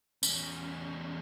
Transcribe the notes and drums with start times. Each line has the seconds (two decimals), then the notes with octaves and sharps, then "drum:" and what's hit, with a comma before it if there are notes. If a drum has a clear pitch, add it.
0.23 E2 C#4, drum: tambourine